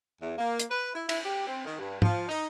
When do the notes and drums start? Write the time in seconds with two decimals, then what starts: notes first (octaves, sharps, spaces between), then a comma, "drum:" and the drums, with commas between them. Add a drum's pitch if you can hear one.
0.22 E2
0.37 A#3
0.60 drum: hi-hat
0.71 B4
0.95 E4
1.09 E4, drum: cymbal
1.25 G4
1.47 C4
1.66 D#3
1.79 G2
2.02 F3, drum: tom
2.29 D#4